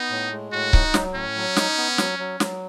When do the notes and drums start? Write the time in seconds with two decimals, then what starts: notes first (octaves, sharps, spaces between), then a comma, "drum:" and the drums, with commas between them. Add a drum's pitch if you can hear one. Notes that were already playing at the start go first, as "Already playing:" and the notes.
Already playing: B3 D#4
0.10 A2
0.31 G#3
0.52 A2 F#4
0.73 D#4, drum: kick C#1
0.94 F#3, drum: snare
1.14 A2 C#4
1.36 F#3
1.56 D#4, drum: snare
1.77 B3
1.98 F#3, drum: snare
2.19 F#3
2.40 F#3, drum: snare